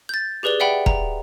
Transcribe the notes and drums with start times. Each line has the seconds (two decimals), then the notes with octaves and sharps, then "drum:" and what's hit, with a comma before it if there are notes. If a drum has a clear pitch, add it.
0.09 G6 A6
0.43 G4 G#4 B4 D5 G7
0.60 D5 E5 F#5 G5 B5
0.86 A#5, drum: kick E1